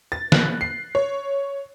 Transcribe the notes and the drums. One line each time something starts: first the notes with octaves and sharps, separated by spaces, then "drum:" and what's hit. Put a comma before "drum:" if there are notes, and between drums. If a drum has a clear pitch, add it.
A6
F#6, drum: snare
C7
C#5